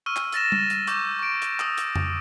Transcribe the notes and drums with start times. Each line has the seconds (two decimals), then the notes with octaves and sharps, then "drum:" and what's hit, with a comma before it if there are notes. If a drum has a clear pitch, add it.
0.06 C#6 E6 F6 D#7
0.16 drum: clap
0.32 E6 A6 A#6 E7, drum: hi-hat
0.52 drum: tom G3
0.70 drum: hi-hat
0.87 C#6 D6 E6 G6, drum: hi-hat
1.19 C#6 D7
1.42 drum: hi-hat
1.60 D#6 E6, drum: clap
1.78 drum: hi-hat
1.95 drum: tom F2